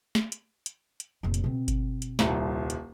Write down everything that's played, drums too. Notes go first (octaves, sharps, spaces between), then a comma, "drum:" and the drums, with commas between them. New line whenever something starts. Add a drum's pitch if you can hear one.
drum: snare
drum: hi-hat
drum: hi-hat
drum: hi-hat
F1 A#2
drum: hi-hat
B2 C4
drum: kick G1, hi-hat
drum: hi-hat
D#1 C2, drum: snare
drum: hi-hat